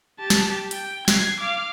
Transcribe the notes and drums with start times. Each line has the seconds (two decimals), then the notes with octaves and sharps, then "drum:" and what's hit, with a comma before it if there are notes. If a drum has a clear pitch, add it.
0.19 G4 A5
0.30 drum: snare
0.71 G5, drum: hi-hat
1.08 G#6 C7, drum: snare
1.40 F5 D6